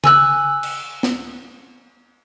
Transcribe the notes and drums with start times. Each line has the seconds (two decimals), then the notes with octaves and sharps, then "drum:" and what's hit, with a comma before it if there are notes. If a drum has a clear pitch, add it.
0.04 G#5 E6 F#6, drum: tom C#3
0.63 drum: cymbal
1.03 drum: snare